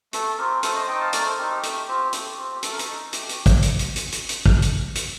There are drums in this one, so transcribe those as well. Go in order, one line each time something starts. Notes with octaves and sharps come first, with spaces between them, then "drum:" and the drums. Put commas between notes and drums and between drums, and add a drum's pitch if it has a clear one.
A3 A4, drum: hi-hat
C4 F4 G4 A#4
A3 A4 C5, drum: hi-hat
C5 D#5
C4 D#4 D#5 G5
F5 A5
A3 A#4 D5, drum: hi-hat
A4 C5
C4 D#4 G4 A#4
G4
A3, drum: hi-hat
C4 F4
A3, drum: hi-hat
C4 F4
G4
A3 A4, drum: hi-hat
A#4
A4, drum: hi-hat
D#4
A3 G4, drum: hi-hat
drum: hi-hat
drum: kick, hi-hat
drum: hi-hat
drum: hi-hat
drum: hi-hat
drum: hi-hat
drum: hi-hat
drum: kick
drum: hi-hat
drum: hi-hat